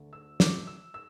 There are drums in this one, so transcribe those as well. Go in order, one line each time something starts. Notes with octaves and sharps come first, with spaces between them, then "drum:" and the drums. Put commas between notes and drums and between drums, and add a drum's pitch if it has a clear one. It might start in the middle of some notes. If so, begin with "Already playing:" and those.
Already playing: D2 D3 A3
E6
D6, drum: snare
E6
E6